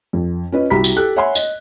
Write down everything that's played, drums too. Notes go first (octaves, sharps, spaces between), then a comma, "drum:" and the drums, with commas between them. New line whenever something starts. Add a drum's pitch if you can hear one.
F2
C#4 F4 B4 D#5
C2 F#4 G4 A#5 B5 B6
drum: tambourine
G4 A4 F#6
C#5 E5 F#5 G#5 B5 C6
D#5, drum: tambourine